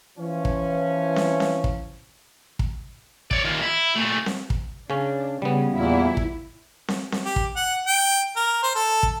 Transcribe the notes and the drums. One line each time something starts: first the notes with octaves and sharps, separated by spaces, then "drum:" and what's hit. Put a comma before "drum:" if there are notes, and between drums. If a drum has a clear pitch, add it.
E3 F3 C#4
drum: kick
drum: snare C4
drum: snare C4
drum: kick
drum: kick
C#5 D5, drum: kick
D#3 F4
E4
A#2 A3
drum: snare C4
drum: kick
C#3 C#4 D4
C#3 G3 B3
E2 A#2 E4
drum: kick
drum: snare C4
drum: snare C4
G4
drum: kick
F#5
G5
A#4
C5
A4
drum: kick